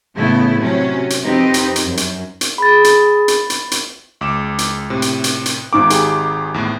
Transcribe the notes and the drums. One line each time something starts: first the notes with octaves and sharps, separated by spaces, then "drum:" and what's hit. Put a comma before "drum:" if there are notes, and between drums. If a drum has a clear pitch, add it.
A2 C#3 E3 A3 B3 E4
C3 F#3 C#4
drum: hi-hat
F2 C4 D#4 G4 B4
drum: hi-hat
drum: hi-hat
F#2
drum: hi-hat
drum: hi-hat
G#4 B5 A6
drum: hi-hat
drum: hi-hat
drum: hi-hat
drum: hi-hat
C#2 D6 E7
drum: hi-hat
A2 C3
drum: hi-hat
drum: hi-hat
drum: hi-hat
G#1 D#3 D6
G4 G#4 G5, drum: hi-hat
E2 A2